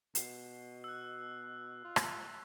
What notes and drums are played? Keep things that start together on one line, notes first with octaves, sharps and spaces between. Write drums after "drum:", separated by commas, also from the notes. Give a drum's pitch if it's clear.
B2 C7, drum: hi-hat
E6 F#6
F4
drum: rim click